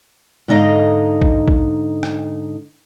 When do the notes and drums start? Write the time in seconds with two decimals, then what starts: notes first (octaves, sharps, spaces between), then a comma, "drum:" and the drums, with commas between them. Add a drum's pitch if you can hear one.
0.48 G#2 D3 D#4 D#5 F5
1.22 drum: kick A#1
1.48 drum: kick A#1
2.03 drum: rim click